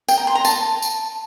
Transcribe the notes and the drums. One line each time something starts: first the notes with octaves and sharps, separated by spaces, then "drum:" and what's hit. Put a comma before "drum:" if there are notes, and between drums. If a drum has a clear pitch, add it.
G5, drum: tambourine
A#5
C6
A#5
A5, drum: tambourine
drum: tambourine